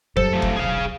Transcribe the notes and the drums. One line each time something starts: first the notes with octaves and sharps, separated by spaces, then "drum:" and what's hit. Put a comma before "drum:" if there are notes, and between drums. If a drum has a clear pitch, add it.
F#2 G3 A4 C5, drum: kick F1
F3 A3
drum: kick F1
E1 B1 G#4 F5